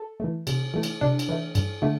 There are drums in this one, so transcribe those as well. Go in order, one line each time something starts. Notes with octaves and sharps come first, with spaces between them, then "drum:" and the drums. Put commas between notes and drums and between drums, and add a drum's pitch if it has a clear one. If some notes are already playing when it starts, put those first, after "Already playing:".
Already playing: A4
E3 A3
C3, drum: cymbal
E3 A3
drum: cymbal
C3 D4
drum: cymbal
E3 A3
G2, drum: cymbal
D3 A3